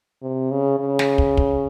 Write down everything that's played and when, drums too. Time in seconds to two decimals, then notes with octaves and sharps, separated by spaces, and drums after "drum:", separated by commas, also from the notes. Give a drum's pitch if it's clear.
0.22 C3
0.51 C#3
0.80 C#3
0.99 drum: snare
1.18 drum: kick
1.37 drum: kick